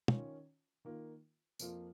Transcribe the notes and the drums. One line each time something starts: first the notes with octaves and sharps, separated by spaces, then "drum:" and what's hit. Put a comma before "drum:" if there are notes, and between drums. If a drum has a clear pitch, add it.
D#3 C#4 F4, drum: tom
D#3 A#3 F4
F2 F3 A#3 F4, drum: tambourine